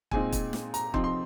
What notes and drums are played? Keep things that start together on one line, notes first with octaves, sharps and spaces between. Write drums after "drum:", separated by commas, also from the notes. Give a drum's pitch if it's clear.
A#2 G#3 C4 D#4 G#5, drum: kick
drum: kick, hi-hat
drum: snare
A#5, drum: hi-hat
C3 F3 C4 D#4 C6, drum: kick
C6